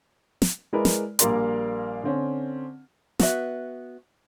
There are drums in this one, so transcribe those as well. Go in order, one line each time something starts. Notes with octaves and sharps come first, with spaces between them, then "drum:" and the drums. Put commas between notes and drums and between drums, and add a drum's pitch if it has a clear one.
drum: snare
G#3 E4 A#4 B4 D5
drum: snare
A#1 G3 A#3 A#4 D5 C6, drum: hi-hat
D3 C4 C#4
B3 F#4 E5, drum: snare